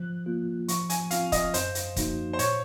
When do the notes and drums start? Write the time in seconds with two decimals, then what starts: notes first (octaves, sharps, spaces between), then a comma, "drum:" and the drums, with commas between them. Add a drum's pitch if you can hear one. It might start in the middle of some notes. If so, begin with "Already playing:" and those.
Already playing: F3 F#6
0.26 A#3 F4
0.68 F3 C#6, drum: hi-hat
0.90 G#5, drum: hi-hat
1.11 C4 F4 F5, drum: hi-hat
1.32 D#5, drum: kick D#1, hi-hat
1.54 F#2 C5, drum: hi-hat
1.75 drum: hi-hat
1.96 F3 A#3 D#4 F#4, drum: kick D#1, hi-hat
2.33 C5
2.39 A#2 C#5, drum: hi-hat